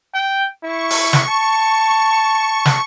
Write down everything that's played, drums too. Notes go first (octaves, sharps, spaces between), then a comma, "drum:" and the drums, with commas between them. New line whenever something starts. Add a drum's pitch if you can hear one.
G5
E4 C#6
drum: open hi-hat
drum: snare
A5
drum: snare